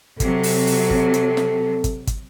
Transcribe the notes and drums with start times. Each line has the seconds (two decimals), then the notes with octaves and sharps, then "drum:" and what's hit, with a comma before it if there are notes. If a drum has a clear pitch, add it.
0.20 C3 F#3 A4, drum: kick, hi-hat
0.43 drum: open hi-hat
0.67 drum: open hi-hat
0.90 drum: kick
1.14 drum: hi-hat
1.37 drum: snare
1.84 drum: kick, hi-hat
2.07 drum: kick, hi-hat